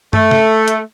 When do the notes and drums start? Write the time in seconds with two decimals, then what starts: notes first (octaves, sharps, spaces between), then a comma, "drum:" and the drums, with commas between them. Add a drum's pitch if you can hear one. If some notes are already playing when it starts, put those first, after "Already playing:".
0.13 A3, drum: tom G2
0.31 drum: snare
0.68 drum: hi-hat